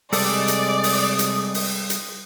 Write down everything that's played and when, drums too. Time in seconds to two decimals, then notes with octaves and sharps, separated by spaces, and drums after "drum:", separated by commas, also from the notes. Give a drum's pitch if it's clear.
0.13 C3 G3 G#3 A4 D5 D#6, drum: open hi-hat
0.48 drum: hi-hat
0.83 drum: open hi-hat
1.19 drum: hi-hat
1.54 drum: open hi-hat
1.90 drum: hi-hat